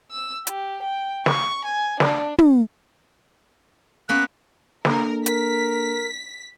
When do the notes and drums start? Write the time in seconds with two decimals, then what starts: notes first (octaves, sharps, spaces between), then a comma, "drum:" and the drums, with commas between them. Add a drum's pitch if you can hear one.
0.11 E6
0.47 G4, drum: hi-hat
0.83 G5
1.26 C#6, drum: snare
1.65 G#5
2.00 D4, drum: snare
2.38 drum: tom
4.09 A#3 B3 C#4 F#6
4.85 A#3 D4 A4 A#4, drum: snare
5.26 A#4 B6, drum: hi-hat